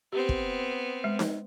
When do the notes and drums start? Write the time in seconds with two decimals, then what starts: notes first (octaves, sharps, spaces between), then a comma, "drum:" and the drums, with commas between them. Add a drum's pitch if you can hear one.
0.12 B3 C4 G4
0.29 drum: kick
1.04 G#3
1.19 drum: snare D#4